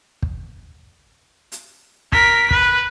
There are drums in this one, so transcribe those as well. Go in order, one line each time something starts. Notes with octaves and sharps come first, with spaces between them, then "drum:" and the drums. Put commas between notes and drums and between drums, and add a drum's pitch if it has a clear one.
drum: kick
drum: hi-hat
A#4 B6, drum: kick
B4, drum: kick